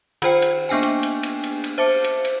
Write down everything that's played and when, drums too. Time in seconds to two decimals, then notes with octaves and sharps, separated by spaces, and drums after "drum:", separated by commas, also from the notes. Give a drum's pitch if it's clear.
0.22 D#3 F4 C5 G5 C#7, drum: cymbal
0.42 drum: cymbal
0.69 A#3 B3 D4 G5 G#5
0.83 drum: cymbal
1.03 drum: cymbal
1.23 drum: cymbal
1.44 drum: cymbal
1.64 drum: cymbal
1.78 C5 E5 A5 D6 C#7
2.04 drum: cymbal
2.25 drum: cymbal